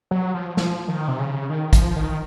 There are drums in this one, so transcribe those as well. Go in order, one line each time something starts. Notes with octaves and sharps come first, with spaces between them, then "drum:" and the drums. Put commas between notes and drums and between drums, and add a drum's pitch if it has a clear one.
F#3
F3
F3, drum: snare
D#3
C3
C#3
D#3
F3, drum: kick, hi-hat
D#3